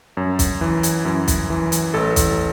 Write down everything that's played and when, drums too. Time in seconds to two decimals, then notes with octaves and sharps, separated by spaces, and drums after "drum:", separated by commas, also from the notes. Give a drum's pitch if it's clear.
0.17 F#2
0.39 drum: kick, hi-hat
0.61 E3
0.83 drum: hi-hat
1.05 F#2
1.28 drum: kick, hi-hat
1.50 E3
1.72 drum: hi-hat
1.94 A1 A4
2.16 drum: kick, hi-hat